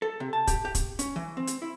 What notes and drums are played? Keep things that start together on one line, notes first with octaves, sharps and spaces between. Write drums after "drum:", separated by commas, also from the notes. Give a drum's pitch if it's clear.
A4
C3
A5
G4, drum: kick, hi-hat
G4
drum: kick, hi-hat
C#4, drum: hi-hat
E3
C4
drum: hi-hat
E4